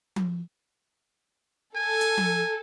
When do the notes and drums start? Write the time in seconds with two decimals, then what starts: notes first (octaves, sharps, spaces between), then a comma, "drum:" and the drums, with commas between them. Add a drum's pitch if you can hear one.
0.16 drum: tom F3
1.76 A4 G#5
2.01 drum: hi-hat
2.17 drum: tom F3